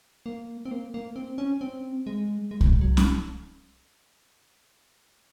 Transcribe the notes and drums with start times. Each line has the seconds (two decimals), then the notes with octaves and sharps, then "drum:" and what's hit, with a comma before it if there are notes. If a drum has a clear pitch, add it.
0.26 A#3
0.65 C4
0.71 A#3
0.94 A#3
1.16 C4
1.38 C#4
1.61 C4
2.07 G#3
2.51 G#3
2.61 drum: kick C2
2.81 F#3
2.97 drum: snare